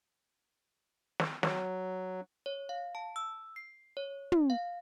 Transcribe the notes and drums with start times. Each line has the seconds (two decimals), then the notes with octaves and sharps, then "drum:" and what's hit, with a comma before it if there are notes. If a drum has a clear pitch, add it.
1.20 drum: snare
1.43 F#3, drum: snare
2.46 C#5
2.69 F5
2.95 A5
3.16 E6
3.56 C7
3.97 C#5
4.32 drum: tom
4.50 F5